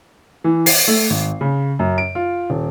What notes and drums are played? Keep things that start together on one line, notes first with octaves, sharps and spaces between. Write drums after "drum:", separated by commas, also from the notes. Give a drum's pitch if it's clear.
E3
C7, drum: open hi-hat
A3
G#1
C#3
F#2
D7
F4
D#1